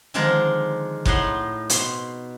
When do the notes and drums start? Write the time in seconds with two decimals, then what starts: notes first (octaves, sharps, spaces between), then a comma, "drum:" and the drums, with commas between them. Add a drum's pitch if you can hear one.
0.14 D3 D#3 F3 G#3 F4 A#4
1.05 A2 D#4 F#5 C6, drum: kick G1
1.70 B2 C6, drum: hi-hat